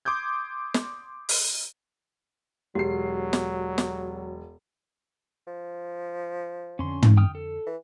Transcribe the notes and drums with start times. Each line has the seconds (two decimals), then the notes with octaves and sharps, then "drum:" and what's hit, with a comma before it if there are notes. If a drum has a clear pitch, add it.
0.05 C6 D6 D#6 G6 G#6
0.74 drum: snare
1.29 drum: open hi-hat
2.75 E1 F#3 G4 C7
3.33 drum: snare
3.78 drum: snare
5.47 F3
6.79 F2 D3 C#4 C6
7.03 drum: tom
7.17 G5 D#6 F6
7.35 A4
7.67 E3